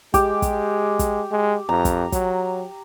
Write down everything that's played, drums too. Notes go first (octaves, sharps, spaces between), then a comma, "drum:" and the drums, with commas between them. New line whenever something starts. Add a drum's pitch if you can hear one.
G#3 G4, drum: kick, hi-hat
drum: kick, hi-hat
drum: kick, hi-hat
G#3
F2 A#5
drum: kick, hi-hat
F#3, drum: kick, hi-hat